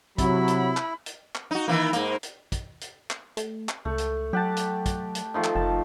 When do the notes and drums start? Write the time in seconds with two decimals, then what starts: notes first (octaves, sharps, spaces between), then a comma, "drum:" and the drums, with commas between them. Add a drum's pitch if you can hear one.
0.18 C3 F#3 E4 B5, drum: kick, hi-hat
0.48 drum: hi-hat
0.77 drum: clap
1.06 drum: hi-hat
1.35 drum: clap
1.51 D#4 F#4
1.68 D#3 E3 A#3
1.93 G#2 A#3, drum: hi-hat
2.23 drum: hi-hat
2.52 drum: kick, hi-hat
2.81 drum: hi-hat
3.10 drum: clap
3.37 A3, drum: hi-hat
3.69 drum: clap
3.85 C#2 A3
3.98 drum: hi-hat
4.33 F#3 G4 F#5 A5
4.56 drum: hi-hat
4.86 drum: kick, hi-hat
5.15 drum: hi-hat
5.34 D#3 F3 A3
5.44 drum: clap
5.55 F#1 A5